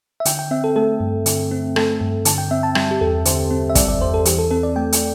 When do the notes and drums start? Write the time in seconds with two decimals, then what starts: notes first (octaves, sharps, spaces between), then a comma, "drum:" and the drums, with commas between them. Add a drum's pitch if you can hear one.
0.20 E5
0.25 D3 G5, drum: hi-hat
0.39 G5
0.51 C4 E5
0.64 A4
0.76 A3 A4
1.00 G2
1.26 D3, drum: hi-hat
1.51 C4
1.76 A3 A4, drum: rim click
2.01 G2
2.25 D3 A5, drum: hi-hat
2.38 G5
2.51 C4 E5
2.63 A5
2.75 G3 G5, drum: rim click
2.91 G4
3.01 E2 A4
3.25 D3 C5, drum: hi-hat
3.51 C4
3.70 E5
3.75 G3 D5, drum: kick, hi-hat
3.88 D5
4.00 E2 C5
4.14 A4
4.25 E3 G4, drum: hi-hat
4.38 A4
4.51 C4 A4
4.63 D5
4.76 A3 G5
4.92 drum: hi-hat